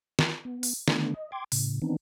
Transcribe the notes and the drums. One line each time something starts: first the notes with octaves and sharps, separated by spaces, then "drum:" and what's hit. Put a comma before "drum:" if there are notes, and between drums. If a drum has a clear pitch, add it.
drum: snare
B3
drum: open hi-hat
D3 D#3 A3 B3 D4, drum: snare
D#5
G5 C6 D6 G#6
A2 C#3, drum: open hi-hat
D#3 E3 B3 C4 D4 D#4